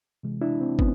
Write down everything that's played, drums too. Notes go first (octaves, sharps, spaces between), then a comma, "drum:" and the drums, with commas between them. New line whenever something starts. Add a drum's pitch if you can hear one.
C3 E3 G#3
D4 E4
C4
B3 C#4, drum: kick